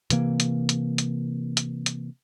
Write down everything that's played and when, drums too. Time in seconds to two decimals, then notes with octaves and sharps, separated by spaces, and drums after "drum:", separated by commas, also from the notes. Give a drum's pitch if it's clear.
0.10 C3 E3 A#3, drum: hi-hat
0.40 drum: hi-hat
0.69 drum: hi-hat
0.98 drum: hi-hat
1.57 drum: hi-hat
1.86 drum: hi-hat